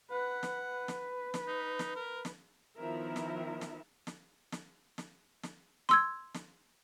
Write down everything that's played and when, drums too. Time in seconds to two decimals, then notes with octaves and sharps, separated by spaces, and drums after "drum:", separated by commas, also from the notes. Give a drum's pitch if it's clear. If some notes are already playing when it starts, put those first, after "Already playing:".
0.11 B4 F#5
0.43 drum: snare
0.61 B4
0.88 drum: snare
1.34 drum: snare
1.47 D#4
1.79 drum: snare
1.96 A#4
2.25 drum: snare
2.78 D#3 F3 B3 E4 A#4 E5
3.16 drum: snare
3.61 drum: snare
4.07 drum: snare
4.52 drum: snare
4.98 drum: snare
5.43 drum: snare
5.89 C6 E6 G#6, drum: snare
6.34 drum: snare